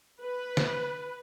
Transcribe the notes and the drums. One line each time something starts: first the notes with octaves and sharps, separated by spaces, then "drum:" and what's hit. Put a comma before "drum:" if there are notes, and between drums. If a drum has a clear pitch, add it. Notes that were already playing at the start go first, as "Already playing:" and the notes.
B4
drum: snare